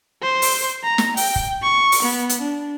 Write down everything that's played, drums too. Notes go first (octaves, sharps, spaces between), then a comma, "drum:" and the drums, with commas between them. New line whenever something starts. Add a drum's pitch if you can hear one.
C5
drum: open hi-hat
A#5
drum: snare
G5, drum: open hi-hat
drum: kick
C#6
drum: open hi-hat
B3
drum: hi-hat
D4